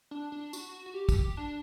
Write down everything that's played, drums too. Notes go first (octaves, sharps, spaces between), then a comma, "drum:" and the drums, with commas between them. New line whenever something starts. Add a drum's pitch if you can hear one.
D4
D4
F#4, drum: tambourine
F#4
G4
drum: kick, tambourine
D4